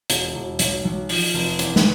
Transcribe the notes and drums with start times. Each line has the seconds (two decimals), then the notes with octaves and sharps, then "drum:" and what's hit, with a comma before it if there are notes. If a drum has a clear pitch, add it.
0.10 E1, drum: hi-hat
0.35 E1
0.59 B1, drum: hi-hat
0.85 B1
1.09 F3, drum: open hi-hat
1.34 F1
1.59 E2, drum: hi-hat
1.76 drum: snare